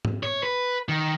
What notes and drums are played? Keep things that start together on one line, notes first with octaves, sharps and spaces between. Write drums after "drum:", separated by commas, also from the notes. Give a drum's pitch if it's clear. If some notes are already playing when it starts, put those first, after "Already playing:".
drum: tom G#2
C#5
B4
D#3